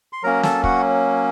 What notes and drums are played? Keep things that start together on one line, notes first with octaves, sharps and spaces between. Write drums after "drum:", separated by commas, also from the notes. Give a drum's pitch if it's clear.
C6
F#3 A#3 C#4 A#4 A#5
A4 A5, drum: snare
F#4 F#5, drum: kick